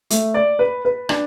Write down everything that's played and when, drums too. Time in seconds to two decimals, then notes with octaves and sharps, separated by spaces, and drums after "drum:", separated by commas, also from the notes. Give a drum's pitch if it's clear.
0.10 A3, drum: hi-hat
0.34 D5
0.59 B4
0.85 B4
1.09 D4, drum: rim click